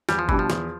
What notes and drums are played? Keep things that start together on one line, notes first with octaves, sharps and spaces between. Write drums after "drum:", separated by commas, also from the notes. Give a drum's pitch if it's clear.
E2 G3, drum: snare
F3
B2 E3 G3 D4, drum: kick
F3
E2, drum: snare